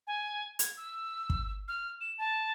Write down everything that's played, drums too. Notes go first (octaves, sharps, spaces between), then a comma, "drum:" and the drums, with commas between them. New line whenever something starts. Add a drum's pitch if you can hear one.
G#5
G#6, drum: hi-hat
E6
drum: kick
F6
E7
A5